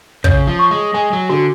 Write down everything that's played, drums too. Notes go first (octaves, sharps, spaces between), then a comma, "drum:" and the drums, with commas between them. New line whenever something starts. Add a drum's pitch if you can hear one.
C#3 C#5, drum: kick
F3
C#6
G#3
G#3 G#5
F#3
D3 F#4